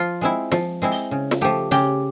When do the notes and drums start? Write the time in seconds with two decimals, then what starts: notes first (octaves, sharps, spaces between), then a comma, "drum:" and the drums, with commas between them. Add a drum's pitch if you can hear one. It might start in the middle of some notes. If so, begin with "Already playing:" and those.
Already playing: F3 F4
0.21 G#3 C4 E4
0.52 F3, drum: snare
0.82 G#3 C4 E4
0.91 drum: open hi-hat
1.11 C#3
1.31 drum: snare
1.41 F3 A3 G4
1.71 C#3 G4, drum: open hi-hat